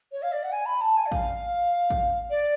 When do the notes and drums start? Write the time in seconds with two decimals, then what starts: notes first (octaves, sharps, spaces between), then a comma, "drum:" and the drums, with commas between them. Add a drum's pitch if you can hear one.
0.12 C#5
0.22 F5
0.32 D5
0.44 F#5
0.52 G#5
0.66 B5
0.81 A5
0.97 G#5
1.06 D5
1.12 F5, drum: kick
1.90 drum: kick
2.30 D5